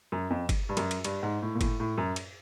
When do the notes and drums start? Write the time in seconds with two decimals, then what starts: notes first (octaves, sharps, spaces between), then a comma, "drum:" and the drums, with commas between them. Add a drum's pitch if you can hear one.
0.12 F#2
0.30 F2
0.49 drum: kick G1, cymbal
0.69 G2
0.77 F#2, drum: cymbal
0.91 drum: cymbal
1.04 G2, drum: cymbal
1.23 G#2
1.42 A2
1.55 A#2
1.61 A2, drum: kick G1, cymbal
1.80 A2
1.98 F#2
2.16 drum: cymbal